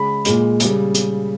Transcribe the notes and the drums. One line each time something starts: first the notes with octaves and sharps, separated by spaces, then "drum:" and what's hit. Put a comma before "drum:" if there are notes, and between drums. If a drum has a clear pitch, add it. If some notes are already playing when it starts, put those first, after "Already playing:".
Already playing: C#3 G#3 B5
A#2 G#3, drum: hi-hat
C#3 G3, drum: hi-hat
drum: hi-hat